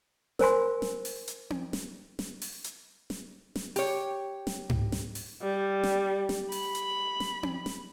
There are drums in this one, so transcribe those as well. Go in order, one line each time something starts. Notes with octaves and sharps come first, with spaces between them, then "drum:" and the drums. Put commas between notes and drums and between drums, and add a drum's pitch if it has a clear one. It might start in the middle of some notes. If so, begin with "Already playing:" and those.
A#4 C5 G#5 C6, drum: snare
drum: snare
drum: open hi-hat
drum: hi-hat
drum: tom C4
drum: snare
drum: snare
drum: open hi-hat
drum: hi-hat
drum: snare
drum: snare
G4 C#5, drum: open hi-hat
drum: snare
drum: tom G#2
drum: snare
drum: open hi-hat
G3
drum: snare
drum: snare
B5, drum: open hi-hat
drum: hi-hat
drum: snare
drum: tom C4
drum: snare